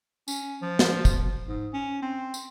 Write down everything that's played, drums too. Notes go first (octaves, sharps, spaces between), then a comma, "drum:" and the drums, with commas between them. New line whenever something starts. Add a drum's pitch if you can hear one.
C#4, drum: tambourine
F3
drum: snare
drum: kick, tambourine
G#2
C#4
C4
drum: tambourine